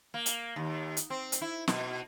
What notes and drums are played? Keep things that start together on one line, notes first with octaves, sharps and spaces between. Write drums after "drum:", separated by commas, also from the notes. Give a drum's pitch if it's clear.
A#3
drum: hi-hat
D#2
drum: hi-hat
C4
drum: hi-hat
E4
B2, drum: snare